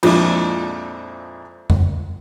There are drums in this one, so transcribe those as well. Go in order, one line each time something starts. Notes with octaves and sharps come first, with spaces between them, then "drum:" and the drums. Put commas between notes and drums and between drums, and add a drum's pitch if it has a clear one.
F2 A#2 F3 G#3 D4 E4, drum: cymbal
drum: tom F2